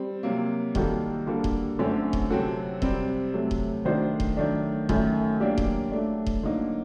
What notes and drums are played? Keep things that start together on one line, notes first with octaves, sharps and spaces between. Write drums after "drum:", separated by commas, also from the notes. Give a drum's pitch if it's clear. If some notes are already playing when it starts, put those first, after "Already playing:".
Already playing: G3 C4
C3 F#3 A#3
D#3 G3 A#3 F#4 A4, drum: kick D#1
D3 G3 A#3 F#4 A4
drum: kick D#1
F#2 D3 A3 C4
drum: kick D#1
C3 F#3 C4 F#4 A4
C3 G3 C4, drum: kick D#1
C3 F#3 A3
drum: kick D#1
D#3 A3 D4 F#4 C5
drum: kick D#1
D#3 F#3 A3 D4
F#2 D#3 A3, drum: kick D#1
F#3 A#3 D4 G4
drum: kick D#1
F#3 A3 D4
drum: kick D#1
D3 F#3 A#3 D#4